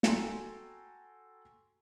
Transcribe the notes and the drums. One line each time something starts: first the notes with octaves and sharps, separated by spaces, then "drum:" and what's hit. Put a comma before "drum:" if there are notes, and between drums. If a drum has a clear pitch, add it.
F#4 A4 G5 G#5 A#5 C6, drum: snare